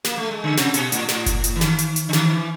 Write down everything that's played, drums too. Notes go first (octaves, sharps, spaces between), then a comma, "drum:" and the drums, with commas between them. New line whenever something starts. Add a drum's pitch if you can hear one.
A#3, drum: snare
A3
G#3
D3
C3, drum: snare
B2, drum: hi-hat
A2, drum: hi-hat
A2, drum: snare
drum: kick F#1, hi-hat
drum: hi-hat
E3
D#3, drum: snare
drum: hi-hat
drum: hi-hat
D3
D#3, drum: snare
E3